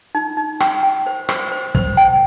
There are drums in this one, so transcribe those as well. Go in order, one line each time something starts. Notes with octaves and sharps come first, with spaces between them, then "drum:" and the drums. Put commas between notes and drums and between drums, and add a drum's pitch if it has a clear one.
D#4
D#4
G5, drum: rim click
G5
C5
C5, drum: rim click
C5
C5, drum: kick
G5